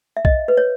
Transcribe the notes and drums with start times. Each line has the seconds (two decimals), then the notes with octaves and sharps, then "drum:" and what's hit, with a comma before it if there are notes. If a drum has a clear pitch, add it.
0.17 E5
0.25 D#5, drum: kick B1
0.48 B4
0.57 C#5